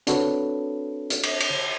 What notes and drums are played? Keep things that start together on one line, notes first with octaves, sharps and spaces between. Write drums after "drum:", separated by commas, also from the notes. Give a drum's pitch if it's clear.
C4 D4 F#4 A4 B4 C#5, drum: hi-hat
drum: hi-hat
drum: cymbal
drum: cymbal